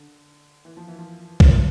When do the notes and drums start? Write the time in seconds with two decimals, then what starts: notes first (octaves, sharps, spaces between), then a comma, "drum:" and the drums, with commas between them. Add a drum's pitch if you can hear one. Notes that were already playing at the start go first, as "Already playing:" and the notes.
Already playing: D3
0.65 E3
0.77 F3
0.88 E3
0.99 F3
1.40 drum: kick